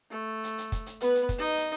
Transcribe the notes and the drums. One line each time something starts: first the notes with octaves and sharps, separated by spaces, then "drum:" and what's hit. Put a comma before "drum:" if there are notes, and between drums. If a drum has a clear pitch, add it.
A3
drum: hi-hat
drum: hi-hat
drum: kick, hi-hat
drum: hi-hat
B3 B4, drum: hi-hat
drum: hi-hat
drum: kick, hi-hat
D#4 D#5
drum: hi-hat